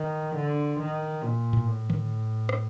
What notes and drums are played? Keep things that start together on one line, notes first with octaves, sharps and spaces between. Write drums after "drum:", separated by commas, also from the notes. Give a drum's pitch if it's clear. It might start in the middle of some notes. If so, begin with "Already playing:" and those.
Already playing: D#3
D3
D#3
A#2
drum: tom G#2
A2
drum: tom D3
drum: rim click